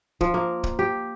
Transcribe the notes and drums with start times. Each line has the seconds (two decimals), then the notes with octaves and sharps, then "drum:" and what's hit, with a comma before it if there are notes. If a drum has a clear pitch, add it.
0.21 F3, drum: kick
0.34 A#3
0.64 drum: kick
0.79 G4